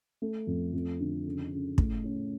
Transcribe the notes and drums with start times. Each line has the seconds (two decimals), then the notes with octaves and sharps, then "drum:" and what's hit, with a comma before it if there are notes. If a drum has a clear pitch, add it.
0.22 A3
0.47 F2
0.73 F2
1.00 D3
1.26 C#3
1.52 C#3
1.78 A2, drum: kick
2.04 C#4